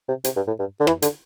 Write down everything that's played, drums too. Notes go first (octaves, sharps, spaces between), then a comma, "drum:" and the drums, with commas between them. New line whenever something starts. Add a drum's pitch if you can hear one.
C3
C3, drum: hi-hat
G2
A2
G2
D3
E3, drum: rim click
D3, drum: hi-hat